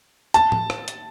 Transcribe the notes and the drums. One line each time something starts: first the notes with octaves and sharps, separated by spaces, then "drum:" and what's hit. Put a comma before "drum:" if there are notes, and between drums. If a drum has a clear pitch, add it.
A5, drum: hi-hat
drum: tom A2
drum: rim click
drum: hi-hat